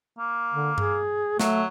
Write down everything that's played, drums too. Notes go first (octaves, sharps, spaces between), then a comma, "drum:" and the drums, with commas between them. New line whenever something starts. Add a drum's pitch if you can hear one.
A#3
D3
G#4, drum: tom G2
F#3 A3, drum: snare